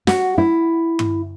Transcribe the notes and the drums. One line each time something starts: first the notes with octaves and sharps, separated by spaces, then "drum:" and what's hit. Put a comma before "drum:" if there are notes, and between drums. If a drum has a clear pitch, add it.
F#4, drum: snare
E4
drum: tom G2